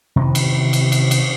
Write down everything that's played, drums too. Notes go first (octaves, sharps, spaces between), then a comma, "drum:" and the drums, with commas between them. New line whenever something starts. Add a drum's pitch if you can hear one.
C3 D#3 E3
drum: cymbal
drum: cymbal
drum: cymbal
drum: cymbal